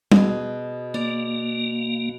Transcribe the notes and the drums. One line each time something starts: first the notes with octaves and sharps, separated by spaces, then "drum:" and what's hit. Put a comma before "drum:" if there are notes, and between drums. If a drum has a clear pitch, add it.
B2 G#4, drum: tom G3
A#3 D5